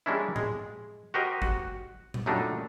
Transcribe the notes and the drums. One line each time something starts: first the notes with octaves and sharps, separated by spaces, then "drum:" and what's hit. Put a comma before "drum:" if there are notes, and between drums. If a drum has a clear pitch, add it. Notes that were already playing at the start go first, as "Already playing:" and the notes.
G3 G#3 A#3 C#4 D4 E4
G#3, drum: tom G#2
F#4 G4 A#4 C5 D#5
F#4, drum: kick
drum: tom A#2
F#2 A#2 G3 A3 D4 D#4